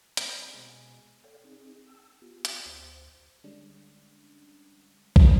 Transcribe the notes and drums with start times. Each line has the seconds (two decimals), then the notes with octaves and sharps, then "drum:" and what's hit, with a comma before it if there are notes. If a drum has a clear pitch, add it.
0.17 G3 C4 C#4, drum: hi-hat
0.54 B2 G#3
1.24 A4 C#5 D5 F5 G5
1.44 C4 D#4 G#4
1.86 G5 A5 E6
2.22 B3 F4 G4
2.45 drum: hi-hat
2.66 D2 C5
3.44 D3 G3 G#3 C#4 D4
5.16 drum: kick